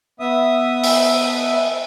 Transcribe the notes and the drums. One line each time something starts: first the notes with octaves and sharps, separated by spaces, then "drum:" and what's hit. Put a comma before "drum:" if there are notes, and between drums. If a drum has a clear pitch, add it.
B3 E5 D#6
drum: open hi-hat